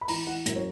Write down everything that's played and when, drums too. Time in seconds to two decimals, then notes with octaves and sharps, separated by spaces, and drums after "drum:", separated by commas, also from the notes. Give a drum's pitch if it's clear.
0.01 B5
0.08 E3 A#5, drum: open hi-hat
0.27 E3 F#5
0.46 F#2 E5, drum: hi-hat
0.56 C#5